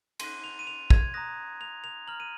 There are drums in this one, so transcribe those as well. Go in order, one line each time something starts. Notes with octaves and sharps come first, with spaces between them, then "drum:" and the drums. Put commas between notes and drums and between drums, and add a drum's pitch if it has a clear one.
C6 F#6 D#7, drum: cymbal
F7
D#7
F7
G#6, drum: kick
A#5 D#6 F#6 A#6
F7
F7
A#5 F6 F#7
D#7